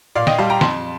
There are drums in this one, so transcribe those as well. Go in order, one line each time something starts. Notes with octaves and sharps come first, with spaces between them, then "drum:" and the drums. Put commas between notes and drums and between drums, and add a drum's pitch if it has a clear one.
A#2 D5 F5
D#5 G5, drum: snare
G3 F5 A5
G5 A#5
F2 A5 C6, drum: snare